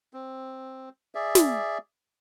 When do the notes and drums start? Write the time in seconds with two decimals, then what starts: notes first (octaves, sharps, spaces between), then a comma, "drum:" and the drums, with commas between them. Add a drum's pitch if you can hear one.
0.14 C4
1.15 G#4 D5 E5
1.35 drum: snare